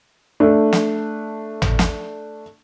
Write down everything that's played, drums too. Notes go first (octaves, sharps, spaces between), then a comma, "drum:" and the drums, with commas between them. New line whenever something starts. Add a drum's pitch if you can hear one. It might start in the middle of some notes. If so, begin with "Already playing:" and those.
A3 D4
drum: snare
drum: tom
drum: snare